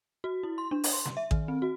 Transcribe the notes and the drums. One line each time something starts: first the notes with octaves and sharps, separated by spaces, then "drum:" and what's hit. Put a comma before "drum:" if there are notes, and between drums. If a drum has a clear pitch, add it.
F#4
E4
C6
D4
drum: open hi-hat
C6
drum: snare
E5
D#3, drum: kick A1
C4
F#4